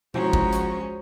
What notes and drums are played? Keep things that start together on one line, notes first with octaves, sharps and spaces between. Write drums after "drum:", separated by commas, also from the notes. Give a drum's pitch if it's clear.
F3 G#3 C#4 F#4 C5 G5 A#5, drum: tom B2
drum: kick G#1
drum: hi-hat